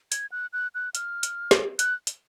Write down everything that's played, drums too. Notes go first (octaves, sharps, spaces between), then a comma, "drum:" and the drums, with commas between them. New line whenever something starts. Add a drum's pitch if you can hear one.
G#6, drum: hi-hat
F#6
F#6
F#6
F6, drum: hi-hat
drum: hi-hat
drum: snare
F#6, drum: hi-hat
drum: hi-hat